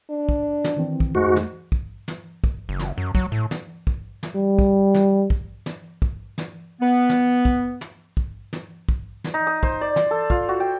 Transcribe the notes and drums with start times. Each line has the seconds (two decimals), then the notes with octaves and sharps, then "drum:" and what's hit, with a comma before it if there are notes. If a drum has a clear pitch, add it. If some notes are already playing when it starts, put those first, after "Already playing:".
0.10 D4
0.29 drum: kick
0.64 drum: snare
0.76 D#3 E3 C4
1.00 drum: kick
1.15 F2 G#2 G#3 A3 F#4
1.36 drum: snare
1.72 drum: kick
2.08 drum: snare
2.44 drum: kick
2.69 F#1
2.79 drum: snare
2.98 F#2
3.15 F#3, drum: kick
3.32 A2
3.51 drum: snare
3.87 drum: kick
4.23 drum: snare
4.35 G3
4.59 drum: kick
4.94 drum: snare
5.30 drum: kick
5.66 drum: snare
6.02 drum: kick
6.38 drum: snare
6.81 B3
7.09 drum: snare
7.45 drum: kick
7.81 drum: snare
8.17 drum: kick
8.53 drum: snare
8.89 drum: kick
9.24 drum: snare
9.34 D#4
9.47 D#6
9.63 C5, drum: kick
9.81 D5
9.96 C6, drum: snare
10.11 A4
10.30 F4, drum: kick
10.49 F#4
10.60 G5